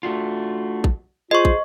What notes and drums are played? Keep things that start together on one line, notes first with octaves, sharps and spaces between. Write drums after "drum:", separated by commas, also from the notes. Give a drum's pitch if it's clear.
A3 D4 F4 F#4
drum: kick
F4 G#4 C5 D#5 C#6
drum: kick